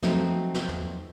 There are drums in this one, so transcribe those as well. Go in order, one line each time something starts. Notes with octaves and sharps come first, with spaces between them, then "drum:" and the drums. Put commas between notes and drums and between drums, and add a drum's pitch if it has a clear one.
F3 F#3 A3 C4 D#4, drum: snare
drum: snare
drum: tom